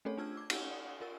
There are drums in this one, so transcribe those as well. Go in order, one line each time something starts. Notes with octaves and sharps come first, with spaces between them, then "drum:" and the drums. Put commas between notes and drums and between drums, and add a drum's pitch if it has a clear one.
A3 C4 C#4 G#4 A4 C#5
D4 F4 A5 E6 F6 G#6
D6 G#6
G6, drum: cymbal
D5 D#6
F4 A#4 E6